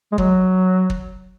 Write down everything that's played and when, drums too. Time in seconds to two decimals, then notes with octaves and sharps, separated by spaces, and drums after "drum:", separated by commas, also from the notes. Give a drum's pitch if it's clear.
0.12 G#3
0.18 F#3, drum: kick
0.90 drum: kick